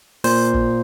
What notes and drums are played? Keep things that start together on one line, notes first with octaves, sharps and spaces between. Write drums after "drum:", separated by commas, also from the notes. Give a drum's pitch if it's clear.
A#2 C5, drum: open hi-hat
drum: kick